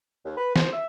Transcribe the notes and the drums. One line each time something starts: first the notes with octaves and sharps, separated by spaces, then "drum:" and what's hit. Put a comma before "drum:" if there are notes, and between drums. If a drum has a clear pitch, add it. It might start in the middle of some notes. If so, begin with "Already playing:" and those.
D#2
B4
C5, drum: snare
E5